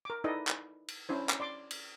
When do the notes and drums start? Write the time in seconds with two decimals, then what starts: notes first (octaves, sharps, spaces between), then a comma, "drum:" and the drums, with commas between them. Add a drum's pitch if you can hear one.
0.05 A#4 D6
0.24 D#4 E4 A4 B4 D5 D#5
0.47 drum: clap
0.88 drum: cymbal
1.09 C#4 D4 E4 C5
1.29 drum: clap
1.40 D5 C6 D6
1.71 drum: cymbal